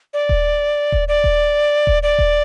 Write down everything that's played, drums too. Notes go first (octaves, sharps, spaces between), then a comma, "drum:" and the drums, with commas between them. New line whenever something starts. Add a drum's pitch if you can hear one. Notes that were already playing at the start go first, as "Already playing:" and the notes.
D5
drum: kick D#1
drum: kick D#1
D5
drum: kick D#1
drum: kick D#1
D5
drum: kick D#1